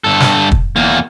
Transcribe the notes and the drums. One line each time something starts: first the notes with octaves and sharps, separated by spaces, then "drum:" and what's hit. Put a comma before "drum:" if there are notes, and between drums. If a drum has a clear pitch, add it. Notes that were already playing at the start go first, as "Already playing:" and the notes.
G2 A4
drum: snare
drum: kick
E2 A#3